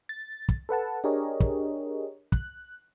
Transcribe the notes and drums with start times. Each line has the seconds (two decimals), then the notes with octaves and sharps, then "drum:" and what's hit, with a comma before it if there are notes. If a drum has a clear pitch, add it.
0.09 A6
0.49 drum: kick
0.69 A4 B4 F#5 A5
1.04 D4 G4 G#4 A#4 C#5 D#5
1.40 drum: kick
2.32 F#6, drum: kick